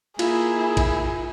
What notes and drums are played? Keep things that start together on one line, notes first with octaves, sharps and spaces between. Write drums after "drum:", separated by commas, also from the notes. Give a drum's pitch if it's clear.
A#3 E4 F4 G#4, drum: cymbal
drum: kick A1, cymbal